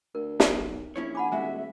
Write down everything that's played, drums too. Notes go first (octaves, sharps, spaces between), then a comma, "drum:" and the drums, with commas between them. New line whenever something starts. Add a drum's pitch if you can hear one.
D2 A#4
drum: snare
B1
A#1 C#4 E4 C#5
F#5 G#5 B5 D6
D#1 G#3 F#4 E5